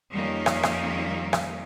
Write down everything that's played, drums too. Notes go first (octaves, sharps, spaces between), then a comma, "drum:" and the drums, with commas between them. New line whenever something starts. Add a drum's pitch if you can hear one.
F2 D#3 G3 A#3 C#4
drum: rim click
drum: rim click
drum: rim click